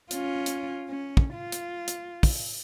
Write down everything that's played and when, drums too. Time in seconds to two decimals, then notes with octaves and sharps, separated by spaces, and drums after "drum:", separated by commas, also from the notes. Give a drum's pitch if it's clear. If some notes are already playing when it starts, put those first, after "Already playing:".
0.11 C#4 F4, drum: hi-hat
0.46 drum: hi-hat
0.89 C#4
1.17 drum: kick
1.34 F4
1.52 drum: hi-hat
1.88 drum: hi-hat
2.23 drum: kick, open hi-hat